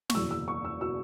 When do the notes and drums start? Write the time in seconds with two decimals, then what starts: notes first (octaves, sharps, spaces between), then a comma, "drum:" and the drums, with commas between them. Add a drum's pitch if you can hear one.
0.10 C#6, drum: snare
0.14 F#1 E2 B2 E6
0.31 E6
0.48 C#6
0.65 E6
0.81 B2 E6